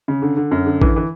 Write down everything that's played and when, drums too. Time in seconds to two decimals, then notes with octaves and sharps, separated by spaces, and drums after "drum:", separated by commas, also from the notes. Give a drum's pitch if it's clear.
0.08 C#3
0.22 D3
0.37 D3
0.51 F#2
0.66 D3
0.82 E3, drum: kick A1
0.96 E3